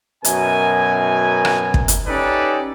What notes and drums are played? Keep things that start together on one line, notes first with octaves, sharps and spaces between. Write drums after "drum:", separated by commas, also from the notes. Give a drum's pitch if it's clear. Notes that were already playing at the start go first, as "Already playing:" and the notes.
F#2 B2 A#4 G#5, drum: hi-hat
drum: rim click
drum: kick
drum: hi-hat
C#4 D#4 G4 A4 B4 D5